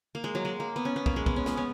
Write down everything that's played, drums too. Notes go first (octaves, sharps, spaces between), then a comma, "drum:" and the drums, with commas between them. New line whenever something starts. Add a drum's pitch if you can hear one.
A#3
G#3
F#3
G#3
A#3
B3
C#4
B3
A#3, drum: kick
G#3
B3, drum: kick
C#4
B3, drum: snare
C#4